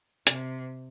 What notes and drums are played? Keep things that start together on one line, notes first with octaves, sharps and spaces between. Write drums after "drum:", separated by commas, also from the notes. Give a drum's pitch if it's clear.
C3, drum: hi-hat